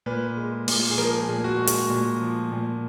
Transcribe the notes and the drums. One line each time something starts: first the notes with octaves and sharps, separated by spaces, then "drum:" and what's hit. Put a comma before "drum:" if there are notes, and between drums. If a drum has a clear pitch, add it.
A#2 B4
G#3
A#2, drum: open hi-hat
G#4
F3 A#4
G#4
A#2
F#4
G#3
F#4, drum: hi-hat
A#2
F3
A#2